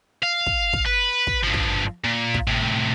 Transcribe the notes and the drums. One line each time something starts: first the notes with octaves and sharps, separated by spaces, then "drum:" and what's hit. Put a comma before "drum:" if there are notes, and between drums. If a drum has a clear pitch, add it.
F5
drum: kick
drum: kick
B4
drum: kick
G2 F3
drum: kick
A#2
drum: kick
A2 C3